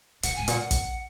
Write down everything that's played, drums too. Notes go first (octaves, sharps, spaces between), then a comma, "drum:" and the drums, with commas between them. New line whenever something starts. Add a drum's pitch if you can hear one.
A#2 F#5, drum: hi-hat
G#2 G#5
A#2 F#5, drum: hi-hat
drum: kick, hi-hat